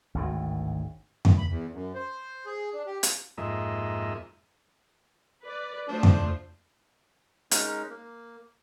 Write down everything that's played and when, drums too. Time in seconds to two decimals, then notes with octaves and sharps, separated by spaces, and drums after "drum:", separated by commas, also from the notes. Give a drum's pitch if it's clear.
0.14 G#1 D2 A2
1.25 drum: tom F2
1.38 B5
1.49 E2
1.72 F#2
1.95 C5
2.46 G#4
2.73 D4
2.87 G4
3.03 drum: hi-hat
3.38 F2 G#2 A#3 D#5 E5
5.43 B4 D5
5.88 F3 A3 D4 C5
6.03 drum: tom F2
7.51 G#3 C#4 D#4 A#4, drum: hi-hat
7.90 A#3